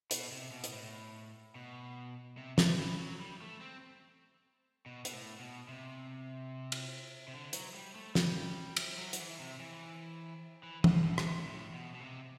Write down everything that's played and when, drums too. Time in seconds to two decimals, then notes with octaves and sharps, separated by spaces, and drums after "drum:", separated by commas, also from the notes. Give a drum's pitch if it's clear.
0.11 B2, drum: hi-hat
0.32 C3
0.51 B2
0.64 drum: hi-hat
0.73 A2
1.55 B2
2.37 C3
2.58 D3, drum: snare
2.79 E3
3.00 F#3
3.20 G3
3.41 A3
3.61 C4
4.86 B2
5.05 B2, drum: hi-hat
5.13 A2
5.40 B2
5.68 C3
6.72 drum: cymbal
7.28 C3
7.34 D3
7.53 F#3, drum: hi-hat
7.74 G3
7.95 A3
8.15 G3, drum: snare
8.77 drum: cymbal
8.98 F#3
9.13 F#3, drum: hi-hat
9.19 E3
9.40 C3
9.60 E3
10.63 E3
10.84 B2, drum: tom
11.04 B2
11.18 B2, drum: rim click
11.26 A2
11.46 A2
11.74 B2
11.95 B2
12.00 C3